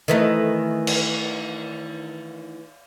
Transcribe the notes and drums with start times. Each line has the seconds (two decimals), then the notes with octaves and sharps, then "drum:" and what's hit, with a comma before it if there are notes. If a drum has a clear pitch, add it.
0.08 D#3 E3 A3
0.87 drum: cymbal